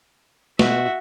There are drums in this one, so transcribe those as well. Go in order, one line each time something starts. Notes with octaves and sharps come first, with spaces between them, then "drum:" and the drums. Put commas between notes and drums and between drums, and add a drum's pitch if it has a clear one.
B2 F#4 E5, drum: snare